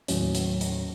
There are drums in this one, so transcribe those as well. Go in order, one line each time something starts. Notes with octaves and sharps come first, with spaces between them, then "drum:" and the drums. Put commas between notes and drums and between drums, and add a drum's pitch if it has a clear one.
D#2 A2 F#3 C#4, drum: hi-hat
drum: hi-hat
drum: hi-hat